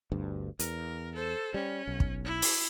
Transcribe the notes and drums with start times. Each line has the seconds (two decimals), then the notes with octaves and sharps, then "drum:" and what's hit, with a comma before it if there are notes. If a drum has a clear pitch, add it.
0.12 G1 D2 G2
0.59 E2 A#4, drum: hi-hat
1.15 A4 C5
1.54 G3 C#4
1.87 B1
2.00 drum: kick
2.24 E4
2.42 drum: open hi-hat